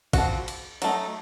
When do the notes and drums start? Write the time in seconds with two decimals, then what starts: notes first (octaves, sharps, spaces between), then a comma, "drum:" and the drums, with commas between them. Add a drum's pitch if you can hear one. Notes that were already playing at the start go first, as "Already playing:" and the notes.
0.13 F3 C4 F#4, drum: kick A1, cymbal
0.48 drum: cymbal
0.82 F#3 A3 D#4, drum: cymbal